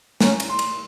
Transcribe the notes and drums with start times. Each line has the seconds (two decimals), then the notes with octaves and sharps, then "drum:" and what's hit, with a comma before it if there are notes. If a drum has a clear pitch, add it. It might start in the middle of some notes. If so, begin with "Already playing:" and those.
0.20 C#4 A#5, drum: snare
0.40 drum: cymbal
0.49 C6
0.59 drum: cymbal